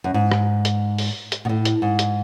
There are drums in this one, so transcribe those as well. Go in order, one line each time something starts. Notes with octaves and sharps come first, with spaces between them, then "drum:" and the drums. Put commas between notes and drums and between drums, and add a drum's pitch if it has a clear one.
F#2
G#2
drum: rim click
drum: hi-hat
drum: open hi-hat
drum: hi-hat
B2
A2
drum: hi-hat
G#2
drum: hi-hat